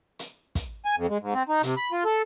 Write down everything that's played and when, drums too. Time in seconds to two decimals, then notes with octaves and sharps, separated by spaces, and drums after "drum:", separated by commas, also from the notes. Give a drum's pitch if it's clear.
0.19 drum: hi-hat
0.55 drum: kick, hi-hat
0.85 G#5
0.97 F2
1.09 G#3
1.22 G#2
1.34 C4
1.49 D#4
1.63 C3, drum: hi-hat
1.77 B5
1.92 F4
2.05 A4